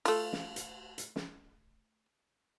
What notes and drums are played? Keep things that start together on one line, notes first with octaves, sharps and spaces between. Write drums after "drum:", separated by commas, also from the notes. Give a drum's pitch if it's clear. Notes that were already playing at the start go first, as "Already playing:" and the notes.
A3 F4, drum: cymbal
drum: snare
drum: hi-hat
drum: hi-hat
drum: snare